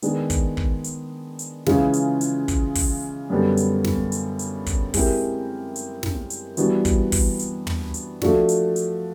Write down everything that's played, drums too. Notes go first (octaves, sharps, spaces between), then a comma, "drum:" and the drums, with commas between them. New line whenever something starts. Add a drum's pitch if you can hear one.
D#3 G#3 B3 D4, drum: hi-hat
drum: kick, hi-hat
drum: kick
drum: hi-hat
drum: hi-hat
C#3 E3 G#3 C#4 F4, drum: snare
drum: hi-hat
drum: hi-hat
drum: kick, hi-hat
drum: kick, open hi-hat
F#2 D3 G3 B3
drum: hi-hat
drum: snare
drum: hi-hat
drum: hi-hat
drum: kick, hi-hat
G#3 C4 E4 G4 A#4, drum: kick, open hi-hat
drum: hi-hat
drum: snare
drum: hi-hat
E3 G3 B3 D4 F#4, drum: hi-hat
drum: kick, hi-hat
drum: kick, open hi-hat
drum: hi-hat
drum: tom
drum: hi-hat
F3 A3 D4 F#4, drum: snare
drum: hi-hat
drum: hi-hat